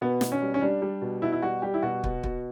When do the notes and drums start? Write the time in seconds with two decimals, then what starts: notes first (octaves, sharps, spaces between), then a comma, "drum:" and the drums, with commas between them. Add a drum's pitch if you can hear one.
0.01 B2 B3
0.21 B2, drum: snare
0.32 C#4
0.42 G3
0.54 C#4
0.61 G3 D4
0.82 G3
1.02 B2
1.22 B2 E4
1.32 E4
1.42 G3 F#4
1.62 G3 G4
1.74 E4
1.83 B2 F#4
2.04 B2, drum: kick
2.23 B2, drum: kick